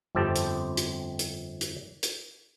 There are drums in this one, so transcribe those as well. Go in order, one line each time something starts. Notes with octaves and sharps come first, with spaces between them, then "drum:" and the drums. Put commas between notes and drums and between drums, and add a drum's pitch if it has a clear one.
G1 F2 C4 G4 A5
drum: hi-hat
drum: hi-hat
drum: hi-hat
drum: hi-hat
drum: hi-hat